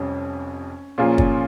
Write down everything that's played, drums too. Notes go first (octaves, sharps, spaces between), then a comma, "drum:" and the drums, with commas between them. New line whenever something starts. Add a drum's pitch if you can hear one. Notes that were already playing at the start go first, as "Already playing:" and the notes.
Already playing: F1 F2 G3 C#4
A#2 F3 A#3 C#4 F4 G#4
C#4, drum: kick